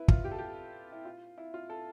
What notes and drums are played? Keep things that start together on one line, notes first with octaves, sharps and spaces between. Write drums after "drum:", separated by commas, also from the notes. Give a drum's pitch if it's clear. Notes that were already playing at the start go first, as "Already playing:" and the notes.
Already playing: E4 B4
F4, drum: kick
G4
A4
G4
E4
F4
E4
F4
A4